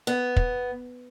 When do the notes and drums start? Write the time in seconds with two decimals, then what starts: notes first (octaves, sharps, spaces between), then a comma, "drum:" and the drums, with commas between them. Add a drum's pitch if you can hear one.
0.07 B3
0.36 drum: kick